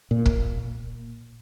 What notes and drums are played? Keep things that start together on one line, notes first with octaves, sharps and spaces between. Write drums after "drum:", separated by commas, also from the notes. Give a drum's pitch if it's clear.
A#2
drum: kick